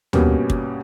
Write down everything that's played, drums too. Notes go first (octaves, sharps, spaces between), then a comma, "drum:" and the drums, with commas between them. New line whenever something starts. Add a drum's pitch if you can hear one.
G2 B2 A#3 B3 C#4 G4, drum: tom
drum: kick